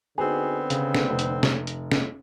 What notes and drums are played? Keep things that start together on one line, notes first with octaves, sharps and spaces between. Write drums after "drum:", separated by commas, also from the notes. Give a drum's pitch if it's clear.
D3 B3 C4 D#4 F#4 G#4
C#3, drum: hi-hat
drum: snare
F1
drum: hi-hat
drum: snare
drum: hi-hat
drum: snare